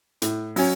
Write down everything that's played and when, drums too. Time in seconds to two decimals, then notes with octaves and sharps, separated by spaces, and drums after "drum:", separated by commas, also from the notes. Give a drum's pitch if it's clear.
0.22 A2, drum: hi-hat
0.56 F#3 C#4, drum: open hi-hat